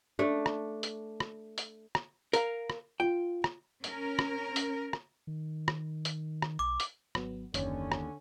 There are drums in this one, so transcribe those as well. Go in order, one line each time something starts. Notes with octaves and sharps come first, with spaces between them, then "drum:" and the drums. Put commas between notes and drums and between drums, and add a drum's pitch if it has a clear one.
A3 D4
drum: rim click
drum: hi-hat
drum: rim click
drum: hi-hat
drum: rim click
A#4 F5, drum: hi-hat
drum: rim click
F4 G5
drum: rim click
C#4 A#4, drum: hi-hat
drum: rim click
drum: hi-hat
drum: rim click
D#3
drum: rim click
drum: hi-hat
drum: rim click
B1 D6
drum: hi-hat
G#1 F#3 B3, drum: rim click
F#1 D#2 D3 C#4 C#5, drum: hi-hat
drum: rim click